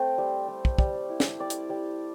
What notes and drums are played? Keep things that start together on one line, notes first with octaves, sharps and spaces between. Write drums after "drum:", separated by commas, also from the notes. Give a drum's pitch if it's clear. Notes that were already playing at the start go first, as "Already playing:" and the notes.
Already playing: A3 C4 G5
G3
G3
drum: kick
G3, drum: kick
E4
drum: snare
G3 D5
drum: hi-hat
G3